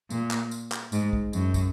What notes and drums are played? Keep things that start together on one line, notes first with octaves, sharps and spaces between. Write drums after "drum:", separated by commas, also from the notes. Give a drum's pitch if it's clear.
A#2, drum: tambourine
drum: clap
drum: tambourine
drum: clap
G#2, drum: tambourine
drum: kick
F#2, drum: tambourine
drum: kick, tambourine